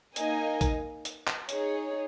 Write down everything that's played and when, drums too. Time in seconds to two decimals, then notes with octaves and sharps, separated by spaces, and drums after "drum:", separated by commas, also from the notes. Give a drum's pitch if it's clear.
0.16 A#3 D#4 A#4 D#5 G#5, drum: hi-hat
0.61 drum: kick A1, hi-hat
1.05 drum: hi-hat
1.27 drum: clap
1.49 D#4 G#4 C#5, drum: hi-hat